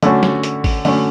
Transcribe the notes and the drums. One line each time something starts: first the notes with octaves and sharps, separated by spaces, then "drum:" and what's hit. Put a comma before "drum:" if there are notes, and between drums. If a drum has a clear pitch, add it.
D3 A3 C#4 F#4, drum: hi-hat
drum: snare
drum: hi-hat
drum: kick G#1, open hi-hat
D3 A3 C#4 F#4, drum: open hi-hat